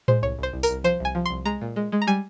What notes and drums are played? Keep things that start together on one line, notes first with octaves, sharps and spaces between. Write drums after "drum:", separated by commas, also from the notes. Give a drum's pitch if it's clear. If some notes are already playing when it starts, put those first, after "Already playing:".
G#3 C5, drum: tom A2
C2 C#5
C2 C5
C2
A#4, drum: tambourine
C2
F3 C5
C2 G#5
F3
C2 C6
G#3 A#5
A#2
G#3
G#3
A#5
G3 G#5